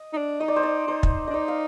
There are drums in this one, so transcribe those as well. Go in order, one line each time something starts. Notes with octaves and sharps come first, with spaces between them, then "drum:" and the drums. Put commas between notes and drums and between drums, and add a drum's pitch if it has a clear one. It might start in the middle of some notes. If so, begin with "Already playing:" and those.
Already playing: D#5
D#4
D4
D#4 D#5
D5
C5
D5
D#4 C5
drum: kick
D4 D#5
D#4 D5
F5